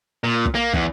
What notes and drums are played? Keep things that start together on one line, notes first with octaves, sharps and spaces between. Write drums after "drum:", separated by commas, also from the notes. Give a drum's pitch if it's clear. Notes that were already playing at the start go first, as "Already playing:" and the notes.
A#2
drum: kick
A#3
E2, drum: kick